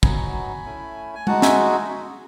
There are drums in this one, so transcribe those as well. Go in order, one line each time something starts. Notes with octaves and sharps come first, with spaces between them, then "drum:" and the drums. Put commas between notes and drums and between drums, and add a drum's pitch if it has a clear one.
F#3 B3 D#4 F#4 G#5 B5, drum: kick
A3 C#4 E4
G#5
G#3 D#4 F#4 F#5 A5, drum: tom G#3
E5 G#5, drum: snare